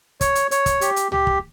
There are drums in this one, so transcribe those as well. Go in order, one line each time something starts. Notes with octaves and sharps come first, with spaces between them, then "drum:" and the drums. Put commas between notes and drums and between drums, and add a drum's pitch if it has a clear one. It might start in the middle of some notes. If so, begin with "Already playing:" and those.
C#5, drum: kick, hi-hat
drum: hi-hat
C#5, drum: hi-hat
drum: kick, hi-hat
G4, drum: hi-hat
drum: hi-hat
G4, drum: tom
drum: kick